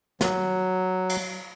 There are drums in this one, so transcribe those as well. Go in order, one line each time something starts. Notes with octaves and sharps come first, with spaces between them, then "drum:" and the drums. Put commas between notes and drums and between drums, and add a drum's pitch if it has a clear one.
F#3, drum: snare
drum: cymbal